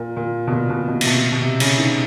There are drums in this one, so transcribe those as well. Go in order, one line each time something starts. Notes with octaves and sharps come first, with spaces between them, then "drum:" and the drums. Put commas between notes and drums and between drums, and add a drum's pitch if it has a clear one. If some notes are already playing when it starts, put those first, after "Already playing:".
Already playing: A#2
A#2
B2
A#2
B2
B2
C3, drum: cymbal
B2
B2
C3
C#3, drum: cymbal
D#3